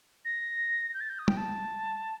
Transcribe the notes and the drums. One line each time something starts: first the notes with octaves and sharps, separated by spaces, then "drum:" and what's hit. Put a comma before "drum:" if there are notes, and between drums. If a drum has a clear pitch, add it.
A#6
G6
A6
G6
D#6
G5, drum: tom G3
A5